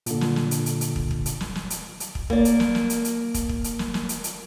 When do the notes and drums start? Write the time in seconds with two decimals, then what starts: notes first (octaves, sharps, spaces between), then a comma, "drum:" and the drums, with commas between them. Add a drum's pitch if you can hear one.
0.06 A#2 D3, drum: hi-hat
0.21 drum: snare
0.36 drum: snare
0.51 drum: hi-hat
0.66 drum: hi-hat
0.81 drum: hi-hat
0.96 drum: kick
1.11 drum: kick
1.26 drum: hi-hat
1.41 drum: snare
1.55 drum: snare
1.70 drum: hi-hat
2.00 drum: hi-hat
2.15 drum: kick
2.30 A#3 D5, drum: kick
2.45 drum: hi-hat
2.60 drum: snare
2.75 drum: snare
2.90 drum: hi-hat
3.05 drum: hi-hat
3.34 drum: kick, hi-hat
3.49 drum: kick
3.64 drum: hi-hat
3.79 drum: snare
3.94 drum: snare
4.09 drum: hi-hat
4.24 drum: hi-hat